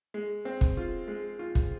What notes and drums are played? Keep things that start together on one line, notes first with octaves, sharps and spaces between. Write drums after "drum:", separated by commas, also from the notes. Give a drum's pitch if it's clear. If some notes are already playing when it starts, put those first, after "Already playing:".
G#3
C4
drum: kick
F4
G#3
F4
drum: kick